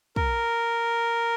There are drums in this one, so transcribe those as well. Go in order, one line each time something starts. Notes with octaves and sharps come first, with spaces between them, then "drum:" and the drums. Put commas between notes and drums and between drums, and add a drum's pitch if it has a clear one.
A#4, drum: kick